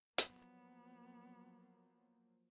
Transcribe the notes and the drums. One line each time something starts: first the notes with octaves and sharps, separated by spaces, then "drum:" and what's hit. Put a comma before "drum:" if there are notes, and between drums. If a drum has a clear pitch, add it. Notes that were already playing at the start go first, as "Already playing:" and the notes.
F3 F#3 A#3 B3, drum: hi-hat